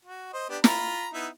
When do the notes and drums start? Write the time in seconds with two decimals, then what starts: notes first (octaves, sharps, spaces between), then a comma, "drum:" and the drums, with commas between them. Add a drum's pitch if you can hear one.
0.05 F#4
0.33 C5 D#5
0.50 B3 D4 G4
0.64 F4 A#5 B5, drum: snare
1.13 B3 D#4 E4